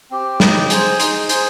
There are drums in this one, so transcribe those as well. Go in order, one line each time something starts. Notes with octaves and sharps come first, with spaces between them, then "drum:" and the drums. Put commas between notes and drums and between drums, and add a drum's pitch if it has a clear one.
C4 G4
D#4, drum: snare
G#4 C5, drum: hi-hat
D#4, drum: hi-hat
G#4 C5, drum: hi-hat